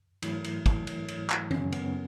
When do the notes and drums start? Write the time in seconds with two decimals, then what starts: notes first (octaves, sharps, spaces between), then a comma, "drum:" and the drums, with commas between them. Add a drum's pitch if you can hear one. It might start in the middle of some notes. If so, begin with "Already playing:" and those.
0.22 G#2 E3 F#3 A3 E4, drum: cymbal
0.44 drum: cymbal
0.66 drum: kick, cymbal
0.87 drum: cymbal
1.08 drum: cymbal
1.30 drum: clap
1.51 F#2 C#3 F#3 C#4, drum: tom D#3
1.72 B3, drum: cymbal